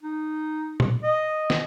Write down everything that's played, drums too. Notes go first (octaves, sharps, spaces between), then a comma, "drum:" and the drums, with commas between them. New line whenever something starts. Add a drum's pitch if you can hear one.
D#4
drum: tom A#2
D#5
drum: snare